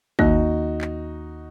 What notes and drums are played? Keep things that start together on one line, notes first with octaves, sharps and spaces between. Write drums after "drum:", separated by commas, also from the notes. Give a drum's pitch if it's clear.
D#2 D#3 A#3 D#4 F#4, drum: kick
drum: clap